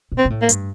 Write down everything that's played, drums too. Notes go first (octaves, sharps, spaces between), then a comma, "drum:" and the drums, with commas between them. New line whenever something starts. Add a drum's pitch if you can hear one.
A#2
C4
A#2
A2
A#3
G2, drum: hi-hat